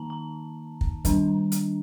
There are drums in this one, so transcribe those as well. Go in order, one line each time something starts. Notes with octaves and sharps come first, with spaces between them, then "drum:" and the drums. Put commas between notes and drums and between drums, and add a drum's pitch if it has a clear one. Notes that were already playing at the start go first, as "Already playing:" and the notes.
Already playing: D#3 A#3 D#4 A5 A#5
A#5
drum: kick
D#3 G3 D4, drum: kick, hi-hat
drum: hi-hat